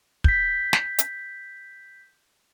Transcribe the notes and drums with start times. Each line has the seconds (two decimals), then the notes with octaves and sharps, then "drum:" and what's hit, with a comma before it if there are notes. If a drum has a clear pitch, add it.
0.24 G6 B6, drum: kick
0.73 drum: snare
0.99 drum: hi-hat